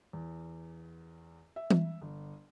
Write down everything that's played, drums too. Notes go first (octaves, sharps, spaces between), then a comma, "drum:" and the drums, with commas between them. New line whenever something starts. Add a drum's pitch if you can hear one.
E2
E5
drum: tom E3
G1